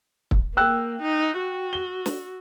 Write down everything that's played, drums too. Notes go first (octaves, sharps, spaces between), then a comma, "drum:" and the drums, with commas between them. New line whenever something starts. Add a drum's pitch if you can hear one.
drum: kick
A#3 G5 E6 F#6
D#4
F#4
G7
drum: snare